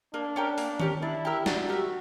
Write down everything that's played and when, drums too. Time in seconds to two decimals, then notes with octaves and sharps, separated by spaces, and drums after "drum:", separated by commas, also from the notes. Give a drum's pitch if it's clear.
0.14 A#3 D4
0.36 C#4 G4 A#4
0.58 A#3, drum: open hi-hat
0.80 C#4 G4 A#4, drum: tom D#3
1.02 D4 E4
1.25 G4 A#4 E5
1.46 D4 F#4, drum: snare
1.69 G4 A#4 E5